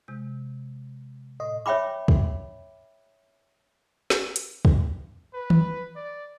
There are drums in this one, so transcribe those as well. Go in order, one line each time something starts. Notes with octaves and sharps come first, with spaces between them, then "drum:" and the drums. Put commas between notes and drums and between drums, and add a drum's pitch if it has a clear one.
C3 G#3 G6
A2 D#5
C#5 E5 G5 B5 D6
drum: kick
drum: snare
drum: hi-hat
drum: kick
B4
drum: tom D#3
D5